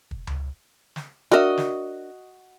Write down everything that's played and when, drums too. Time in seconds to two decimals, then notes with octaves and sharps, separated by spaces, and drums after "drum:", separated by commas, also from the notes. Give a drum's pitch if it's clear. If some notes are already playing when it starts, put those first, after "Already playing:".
0.11 drum: kick
0.27 drum: tom C#2
0.96 drum: snare
1.31 D4 F#4 A#4 D#5 E5
1.57 drum: snare